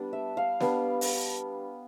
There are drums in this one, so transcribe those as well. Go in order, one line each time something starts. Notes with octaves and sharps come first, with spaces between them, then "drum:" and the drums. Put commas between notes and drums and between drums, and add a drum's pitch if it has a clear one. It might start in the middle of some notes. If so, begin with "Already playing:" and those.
Already playing: G3 B3 D4
E5
F5
G3 B3 D4, drum: snare
drum: open hi-hat